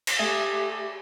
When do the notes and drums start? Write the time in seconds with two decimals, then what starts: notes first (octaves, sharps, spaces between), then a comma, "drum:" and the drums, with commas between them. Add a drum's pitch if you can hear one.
0.07 drum: cymbal
0.19 A3 G4 G#4